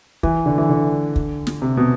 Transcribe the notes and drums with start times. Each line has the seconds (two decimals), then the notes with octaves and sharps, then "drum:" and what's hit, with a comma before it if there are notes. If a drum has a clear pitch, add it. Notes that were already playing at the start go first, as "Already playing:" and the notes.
0.23 E3, drum: kick
0.46 D3
0.58 E3
0.69 D3
1.16 drum: kick
1.47 drum: snare
1.62 C3
1.77 B2